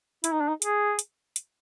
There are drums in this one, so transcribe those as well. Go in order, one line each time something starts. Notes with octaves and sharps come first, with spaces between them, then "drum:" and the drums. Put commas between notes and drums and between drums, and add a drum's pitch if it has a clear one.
E4, drum: hi-hat
D#4
D4
D#4
G#4, drum: hi-hat
drum: hi-hat
drum: hi-hat